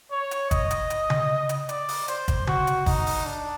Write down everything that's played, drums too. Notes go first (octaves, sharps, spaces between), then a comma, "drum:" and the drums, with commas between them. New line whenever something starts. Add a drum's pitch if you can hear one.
C#5
drum: hi-hat
D#5, drum: kick, hi-hat
drum: hi-hat
drum: hi-hat
drum: tom C#3
drum: hi-hat
D5, drum: hi-hat
drum: open hi-hat
C5, drum: hi-hat
drum: kick, hi-hat
F#4, drum: tom C#3
drum: hi-hat
D#4, drum: kick, open hi-hat
drum: open hi-hat
D4